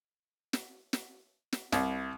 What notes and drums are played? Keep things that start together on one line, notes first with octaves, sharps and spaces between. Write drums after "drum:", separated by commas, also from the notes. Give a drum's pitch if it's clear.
drum: snare
drum: snare
drum: snare
C2, drum: snare